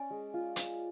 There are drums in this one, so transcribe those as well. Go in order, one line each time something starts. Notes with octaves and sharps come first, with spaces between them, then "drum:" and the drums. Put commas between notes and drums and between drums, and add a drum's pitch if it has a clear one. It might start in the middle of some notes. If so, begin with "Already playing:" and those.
Already playing: C#4 D5
G#3
F4
drum: hi-hat